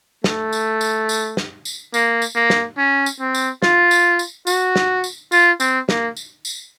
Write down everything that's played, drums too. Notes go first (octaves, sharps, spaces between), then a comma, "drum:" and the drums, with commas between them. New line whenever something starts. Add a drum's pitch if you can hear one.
A3, drum: snare
drum: tambourine
drum: tambourine
drum: tambourine
drum: snare
drum: tambourine
A#3, drum: tambourine
drum: tambourine
A#3
drum: snare
C#4
drum: tambourine
C4
drum: tambourine
F4, drum: snare
drum: tambourine
drum: tambourine
F#4, drum: tambourine
drum: snare
drum: tambourine
F4, drum: tambourine
C4, drum: tambourine
A#3, drum: snare
drum: tambourine
drum: tambourine